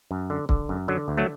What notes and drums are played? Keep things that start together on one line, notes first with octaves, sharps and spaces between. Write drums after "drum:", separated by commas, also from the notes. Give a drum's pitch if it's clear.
F#2
D3
D3, drum: kick
F#2
D3 F#3
D2
F#3 A3